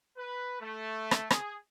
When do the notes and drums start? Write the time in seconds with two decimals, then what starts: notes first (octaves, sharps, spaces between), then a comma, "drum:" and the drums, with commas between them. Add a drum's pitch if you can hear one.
0.17 B4
0.60 A3
1.11 drum: rim click
1.31 G#4, drum: rim click